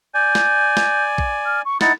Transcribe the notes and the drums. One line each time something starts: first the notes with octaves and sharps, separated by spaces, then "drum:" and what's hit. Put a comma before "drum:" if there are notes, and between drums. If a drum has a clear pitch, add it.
D5 G#5 G6
drum: snare
drum: snare
drum: kick
F6
C#6
D#4 E4 F#5 A6, drum: snare